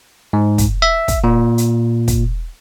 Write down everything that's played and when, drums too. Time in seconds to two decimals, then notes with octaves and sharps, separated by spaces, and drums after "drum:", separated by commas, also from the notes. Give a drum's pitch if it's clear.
0.33 G#2
0.58 drum: kick, hi-hat
0.82 E5
1.08 drum: kick, hi-hat
1.24 A#2
1.58 drum: hi-hat
2.08 drum: kick, hi-hat